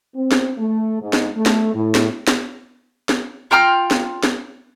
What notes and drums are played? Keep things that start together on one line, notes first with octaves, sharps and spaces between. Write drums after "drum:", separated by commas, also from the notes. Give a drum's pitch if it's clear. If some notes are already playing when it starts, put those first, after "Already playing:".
C4
drum: snare
A3
G#2
drum: snare
A3
drum: snare
A2
drum: snare
drum: snare
drum: snare
F4 G5 A#5 F6
drum: snare
drum: snare